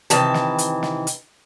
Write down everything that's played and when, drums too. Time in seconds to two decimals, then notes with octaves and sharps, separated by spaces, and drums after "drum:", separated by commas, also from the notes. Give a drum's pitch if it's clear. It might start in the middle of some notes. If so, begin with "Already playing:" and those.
0.10 C3 D#3 E3 A5, drum: hi-hat
0.34 drum: snare
0.58 drum: hi-hat
0.83 drum: snare
1.07 drum: hi-hat